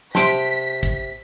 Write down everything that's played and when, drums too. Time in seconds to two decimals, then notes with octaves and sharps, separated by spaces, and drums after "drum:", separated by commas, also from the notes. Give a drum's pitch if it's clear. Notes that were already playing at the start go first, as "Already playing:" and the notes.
0.15 C3 G5 A5 C6 B6 D7, drum: snare
0.83 drum: kick